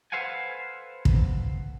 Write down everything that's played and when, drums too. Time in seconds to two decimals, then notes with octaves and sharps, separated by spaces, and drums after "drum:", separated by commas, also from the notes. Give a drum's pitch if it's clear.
0.12 A4 B4 C5 F5 F#5 G#5
1.05 drum: kick